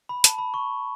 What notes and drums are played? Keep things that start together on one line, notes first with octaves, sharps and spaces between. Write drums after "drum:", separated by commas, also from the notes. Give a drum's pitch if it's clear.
B5
A5, drum: hi-hat
B5
C#6